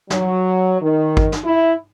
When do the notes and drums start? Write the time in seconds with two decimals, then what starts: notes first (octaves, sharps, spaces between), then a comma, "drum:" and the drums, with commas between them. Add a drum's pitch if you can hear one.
0.10 F#3, drum: snare
0.82 D#3
1.17 drum: kick
1.32 drum: snare
1.44 E4